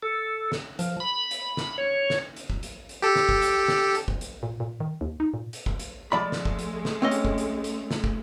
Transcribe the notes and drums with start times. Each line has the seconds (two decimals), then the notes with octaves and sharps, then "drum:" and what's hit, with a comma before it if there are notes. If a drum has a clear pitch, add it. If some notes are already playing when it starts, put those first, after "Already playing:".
0.03 A4
0.52 drum: snare
0.79 F3, drum: hi-hat
1.00 B5
1.31 drum: hi-hat
1.57 drum: snare
1.78 C#5
2.10 drum: snare
2.36 drum: hi-hat
2.50 drum: kick
2.63 drum: hi-hat
2.89 drum: hi-hat
3.02 G4 A4
3.16 drum: snare
3.29 drum: kick
3.42 drum: hi-hat
3.68 drum: snare
3.95 drum: hi-hat
4.08 drum: kick
4.21 drum: hi-hat
4.43 A#2
4.60 A#2
4.80 D#3
5.01 D#2
5.20 D#4
5.34 A#2
5.53 drum: hi-hat
5.66 drum: kick
5.79 drum: hi-hat
6.12 F3 G#3 A3 D5 B5
6.32 drum: snare
6.45 drum: kick
6.59 drum: hi-hat
6.85 drum: snare
7.02 C4 C#4 D#5
7.11 drum: hi-hat
7.25 drum: kick
7.38 drum: hi-hat
7.64 drum: hi-hat
7.91 drum: snare
8.04 drum: kick